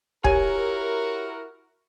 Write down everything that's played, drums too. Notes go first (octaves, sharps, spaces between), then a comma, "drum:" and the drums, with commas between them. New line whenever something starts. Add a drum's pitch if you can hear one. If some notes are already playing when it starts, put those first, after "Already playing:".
E4 F#4 G4 A#4 C#5 G#5, drum: kick